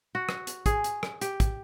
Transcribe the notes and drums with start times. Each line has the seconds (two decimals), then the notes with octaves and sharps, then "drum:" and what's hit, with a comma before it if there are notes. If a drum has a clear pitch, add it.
0.15 F#4
0.29 drum: rim click
0.47 drum: hi-hat
0.66 G#4, drum: kick, hi-hat
0.84 drum: hi-hat
1.03 drum: rim click
1.21 G4, drum: hi-hat
1.40 drum: kick, hi-hat